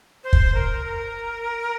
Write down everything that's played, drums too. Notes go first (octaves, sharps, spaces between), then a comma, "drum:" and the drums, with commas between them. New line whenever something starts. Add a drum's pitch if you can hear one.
C5
drum: kick
A#4
A#4